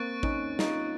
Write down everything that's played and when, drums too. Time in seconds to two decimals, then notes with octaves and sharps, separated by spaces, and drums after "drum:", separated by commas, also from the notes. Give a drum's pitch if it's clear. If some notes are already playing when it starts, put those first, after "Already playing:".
Already playing: A#3 C4 C#6 F#6 A6 D7
0.23 C#4 D#4, drum: kick
0.59 D#4 F4, drum: snare